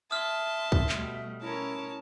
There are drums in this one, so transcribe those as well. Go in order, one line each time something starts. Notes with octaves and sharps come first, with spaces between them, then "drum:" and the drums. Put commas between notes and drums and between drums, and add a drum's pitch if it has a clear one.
E5 A5 C6 D#6 F6
drum: kick
B2 G3 A3, drum: clap
C#4 E4 A#4 C#5 A5